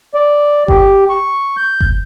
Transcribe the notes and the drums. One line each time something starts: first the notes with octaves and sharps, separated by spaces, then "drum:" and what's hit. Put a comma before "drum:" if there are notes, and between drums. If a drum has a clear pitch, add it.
D5
G4, drum: kick G1
C#6
G6
drum: kick G1